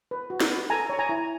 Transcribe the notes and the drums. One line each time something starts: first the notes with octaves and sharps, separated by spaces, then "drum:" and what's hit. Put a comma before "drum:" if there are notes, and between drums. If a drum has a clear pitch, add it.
B4
F#4
drum: snare
B4
A4 G#5 A#5
C#5
G#5 A#5
E4